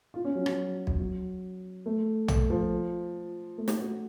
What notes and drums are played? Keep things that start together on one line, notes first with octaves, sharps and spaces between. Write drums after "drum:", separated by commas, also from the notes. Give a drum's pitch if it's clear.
F4
C#4
F#3
F#3, drum: rim click
drum: kick B1
F#3
A3
A3, drum: tom
F3
A3
drum: snare
F#4